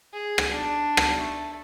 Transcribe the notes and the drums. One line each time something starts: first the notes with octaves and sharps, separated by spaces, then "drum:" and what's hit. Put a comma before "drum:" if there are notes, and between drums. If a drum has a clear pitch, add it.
G#4
drum: rim click
D4
drum: rim click
A3